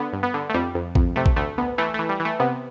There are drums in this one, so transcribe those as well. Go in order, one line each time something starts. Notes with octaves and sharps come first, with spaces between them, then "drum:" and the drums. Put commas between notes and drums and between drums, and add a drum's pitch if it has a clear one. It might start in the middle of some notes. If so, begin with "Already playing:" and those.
Already playing: D3 B3
G2
B3
D3
A3
F2 G3
F2
F2, drum: kick A1
C3 A3
drum: kick A1
D2 A3
D2 B3
E3 A3
E3 A3
G3
E3
A3
C3 B3